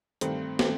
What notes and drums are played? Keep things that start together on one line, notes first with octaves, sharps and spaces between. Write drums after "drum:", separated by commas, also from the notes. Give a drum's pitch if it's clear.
G2 D#3 A3 C4, drum: hi-hat
D#3 A3 C4, drum: snare